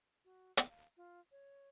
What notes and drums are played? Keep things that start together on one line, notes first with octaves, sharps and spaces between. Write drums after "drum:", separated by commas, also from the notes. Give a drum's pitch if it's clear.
F#4
drum: hi-hat
F5
F4
C#5